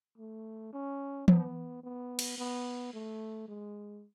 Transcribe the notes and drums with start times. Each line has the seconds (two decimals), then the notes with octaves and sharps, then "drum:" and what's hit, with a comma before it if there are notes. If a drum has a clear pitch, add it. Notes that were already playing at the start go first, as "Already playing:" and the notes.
0.18 A3
0.73 C#4
1.28 B3, drum: tom E3
1.83 B3
2.19 drum: cymbal
2.38 B3
2.94 A3
3.48 G#3